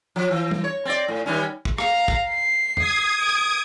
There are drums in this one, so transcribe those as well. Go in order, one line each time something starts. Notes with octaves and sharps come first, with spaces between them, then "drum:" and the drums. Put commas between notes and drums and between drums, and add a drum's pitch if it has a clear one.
F3
E3
drum: tom
C#5
C4 D5
A2
D#3 G3 C#4
drum: kick
F5 A#5, drum: rim click
drum: kick
C7
D#6 G#6, drum: tom F2
D7